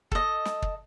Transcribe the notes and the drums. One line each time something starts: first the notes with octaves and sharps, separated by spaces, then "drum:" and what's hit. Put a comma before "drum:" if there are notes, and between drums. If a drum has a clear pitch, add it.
A4 D#5, drum: kick
drum: snare
drum: kick